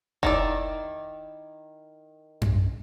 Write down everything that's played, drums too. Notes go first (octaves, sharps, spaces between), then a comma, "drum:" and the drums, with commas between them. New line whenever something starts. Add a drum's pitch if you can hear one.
D#3 E4 D5, drum: kick F1
drum: tom F#2